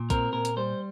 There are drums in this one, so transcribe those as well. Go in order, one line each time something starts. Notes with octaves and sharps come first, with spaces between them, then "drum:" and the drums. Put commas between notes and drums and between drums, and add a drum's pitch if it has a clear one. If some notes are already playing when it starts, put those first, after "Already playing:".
Already playing: A#2
C4 A#4, drum: kick, hi-hat
A#2 A#4
drum: hi-hat
G3 C5